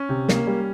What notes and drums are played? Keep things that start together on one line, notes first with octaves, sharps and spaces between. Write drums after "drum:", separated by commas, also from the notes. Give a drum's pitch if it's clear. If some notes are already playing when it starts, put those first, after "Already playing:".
Already playing: C#4
C3
A#3, drum: snare
G3